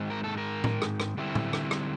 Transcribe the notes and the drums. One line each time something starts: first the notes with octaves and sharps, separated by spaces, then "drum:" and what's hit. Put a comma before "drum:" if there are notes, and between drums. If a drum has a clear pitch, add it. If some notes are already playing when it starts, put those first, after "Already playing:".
Already playing: G#2 D#3 G#3 C4
A#4
A4
A#4
drum: tom A2
drum: rim click
drum: rim click
D3 G3 C4 E4
drum: tom
drum: rim click
drum: rim click